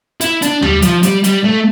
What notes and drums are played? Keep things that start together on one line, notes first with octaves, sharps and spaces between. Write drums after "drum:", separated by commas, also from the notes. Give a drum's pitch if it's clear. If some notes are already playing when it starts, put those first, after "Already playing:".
E4, drum: hi-hat
D4, drum: hi-hat
G3, drum: tom D#2
F3, drum: hi-hat
G3, drum: hi-hat
G3, drum: hi-hat
A3